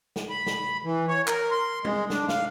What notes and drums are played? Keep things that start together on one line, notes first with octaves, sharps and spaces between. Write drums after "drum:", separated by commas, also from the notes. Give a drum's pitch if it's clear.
drum: snare
B5
drum: snare
E3
C#5
A#4, drum: clap
C6
G#3, drum: tom G3
D4, drum: snare
F5, drum: snare